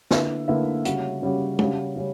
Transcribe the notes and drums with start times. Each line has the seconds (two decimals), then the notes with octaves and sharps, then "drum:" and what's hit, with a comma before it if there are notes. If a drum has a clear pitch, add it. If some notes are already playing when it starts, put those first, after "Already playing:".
0.11 D3 A#3 E4 B4 E5, drum: snare
0.48 D3 A#3 E4 B4 E5
0.85 C#3 G3 C#4 F#4, drum: hi-hat
1.22 C#3 G3 C#4 F#4
1.59 C#3 G3 C#4 F#4, drum: tom
1.96 C#3 G3 C#4